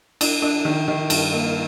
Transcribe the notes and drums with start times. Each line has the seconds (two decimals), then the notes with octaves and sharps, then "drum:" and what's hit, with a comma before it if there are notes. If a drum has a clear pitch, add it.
0.21 D4, drum: cymbal
0.42 D4
0.65 D#3
0.88 D#3
1.10 G2, drum: cymbal
1.33 A#3